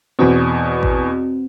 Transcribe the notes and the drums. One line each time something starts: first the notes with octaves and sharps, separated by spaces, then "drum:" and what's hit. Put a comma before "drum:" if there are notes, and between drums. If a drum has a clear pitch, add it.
E2 B2 C4 F#4
drum: kick A1